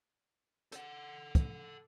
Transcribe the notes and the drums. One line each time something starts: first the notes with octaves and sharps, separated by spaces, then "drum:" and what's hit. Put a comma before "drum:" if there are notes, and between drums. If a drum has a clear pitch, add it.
A4 F#5, drum: hi-hat
drum: kick, hi-hat